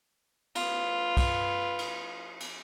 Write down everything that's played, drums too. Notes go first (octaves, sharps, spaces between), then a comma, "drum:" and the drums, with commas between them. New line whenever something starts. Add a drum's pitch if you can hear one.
F4 B4, drum: cymbal
drum: kick, cymbal
drum: cymbal
drum: cymbal